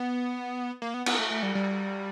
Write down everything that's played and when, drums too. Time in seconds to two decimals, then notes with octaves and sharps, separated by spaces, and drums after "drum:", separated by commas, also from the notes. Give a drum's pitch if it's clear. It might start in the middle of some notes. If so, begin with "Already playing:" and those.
Already playing: B3
0.82 A#3
0.94 B3
1.06 B3, drum: cymbal
1.19 A3
1.30 A3
1.43 G3
1.55 G3